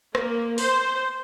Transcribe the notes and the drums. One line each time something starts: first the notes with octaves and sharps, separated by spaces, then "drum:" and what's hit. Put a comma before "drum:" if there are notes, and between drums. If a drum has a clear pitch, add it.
A#3, drum: rim click
C5, drum: open hi-hat